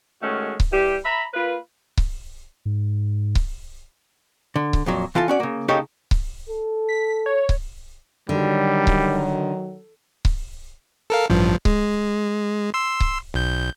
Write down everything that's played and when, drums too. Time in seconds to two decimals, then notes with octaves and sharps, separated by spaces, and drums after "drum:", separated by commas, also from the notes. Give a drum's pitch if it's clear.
0.22 D#3 G#3 A3 C#4 F#4
0.60 drum: kick C#1
0.71 E3 G3 G4
1.05 E5 A#5 B5
1.34 A#3 F4 B4
1.98 drum: kick C#1
2.65 G#2
3.35 drum: kick C#1
4.56 D3
4.73 drum: kick C#1
4.86 F2 A#2 F#3
5.15 E3 F4 A4 A5
5.28 C#4 F#4 D5
5.40 C#3 A#3
5.68 C#3 A#3 D#4 G4 A4 C#5
6.11 drum: kick C#1
6.49 A4
6.89 B6
7.26 C#5
7.49 drum: kick C#1
8.29 D3 D#3 F#3 G3
8.87 drum: kick C#1
10.25 drum: kick C#1
11.10 A4 A#4 F5
11.30 A1 G2 F3
11.65 G#3, drum: kick C#1
12.74 C6 E6
13.00 drum: kick C#1
13.34 B1 G6